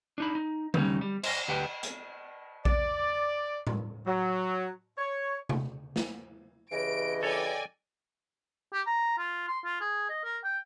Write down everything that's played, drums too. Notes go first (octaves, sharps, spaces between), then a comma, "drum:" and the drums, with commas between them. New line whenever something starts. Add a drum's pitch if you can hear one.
D4 D#4 B5
D#4
D#2 C#3 G3 C#4 D#4, drum: tom D3
G3
C5 D#5, drum: cymbal
D2 G4 B4 F#5 G5
drum: hi-hat
D5, drum: kick A#1
drum: tom A2
F#3
C#5
drum: tom C3
drum: snare
G2 C#3 E3 D#5 D7
A4 C#5 D5 G5 G#5
G4
A#5
F4
C6
F4
G#4
D#5
A#4
G5